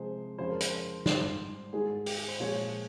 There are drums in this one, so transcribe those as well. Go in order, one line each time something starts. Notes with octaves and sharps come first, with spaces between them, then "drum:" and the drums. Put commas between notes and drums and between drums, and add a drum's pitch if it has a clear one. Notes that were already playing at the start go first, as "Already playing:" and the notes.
Already playing: C3 F3 G#3 C5
F2 C#3 F3 G#3 C5
A#4
C5, drum: hi-hat
G#2 G3 C5, drum: snare
G#2 D#3 G#3 G#4
G4, drum: open hi-hat
G#4
C5
A#2 F3 G#3 C#5